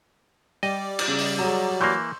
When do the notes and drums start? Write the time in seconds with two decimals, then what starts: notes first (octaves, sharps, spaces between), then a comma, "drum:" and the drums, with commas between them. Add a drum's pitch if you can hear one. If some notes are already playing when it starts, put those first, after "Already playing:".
0.63 G3 D5 D#5 G5
0.99 drum: cymbal
1.08 C#3
1.18 drum: open hi-hat
1.39 F#3 G#4 A#5
1.81 E3 A#3 C6 C#6 G6